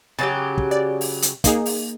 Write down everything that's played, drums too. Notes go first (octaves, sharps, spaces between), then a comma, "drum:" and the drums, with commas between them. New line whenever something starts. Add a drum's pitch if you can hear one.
C#3 F#3 G4 A6
drum: kick
D5
drum: open hi-hat
drum: hi-hat
A#3 D#4 G#4, drum: kick, hi-hat
drum: open hi-hat